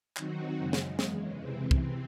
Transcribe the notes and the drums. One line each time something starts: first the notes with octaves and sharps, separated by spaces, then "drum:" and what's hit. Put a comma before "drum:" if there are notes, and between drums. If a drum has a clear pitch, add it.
D#3 F#3 C4 D#4 F#4, drum: clap
F#2 C#3 G#3
drum: snare
E2 C#3 G#3, drum: snare
C3 E3 C4
drum: kick